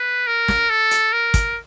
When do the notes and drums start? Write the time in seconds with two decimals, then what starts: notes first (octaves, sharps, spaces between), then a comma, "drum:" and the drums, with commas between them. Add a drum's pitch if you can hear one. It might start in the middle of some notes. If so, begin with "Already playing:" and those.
Already playing: B4
0.27 A#4
0.48 drum: snare
0.70 A4
0.91 drum: hi-hat
1.12 A#4
1.34 drum: kick, hi-hat